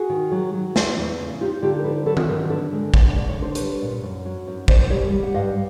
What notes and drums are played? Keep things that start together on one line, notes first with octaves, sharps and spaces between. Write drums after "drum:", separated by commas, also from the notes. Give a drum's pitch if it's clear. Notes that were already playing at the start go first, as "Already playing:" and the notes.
Already playing: F#4 G#4
D#3
F#3
F#3
E2, drum: snare
E2
C#3
D#4 F4 G4
D3 F4 G4
A#4
F3 A4 B4
F#3 A4 B4
drum: tom D#3
G2 A#4 C5
D3 A4 B4
G#3
D3 B4 C#5, drum: kick
D3 D5
C#5
D4 C5
G3 B4 C#5, drum: hi-hat
A#2
F#2
F#3
F#2
F#2 C5 D5, drum: kick
G3 C#5 D#5
G3
F#5
G2 D#5 F5